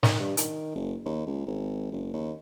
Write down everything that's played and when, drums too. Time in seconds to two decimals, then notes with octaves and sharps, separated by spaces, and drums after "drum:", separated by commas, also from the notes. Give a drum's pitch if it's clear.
0.03 D#3, drum: snare
0.20 G2
0.37 D#3, drum: hi-hat
0.75 F#1
1.05 D#2
1.27 C#2
1.46 G#1
1.92 F#1
2.14 D#2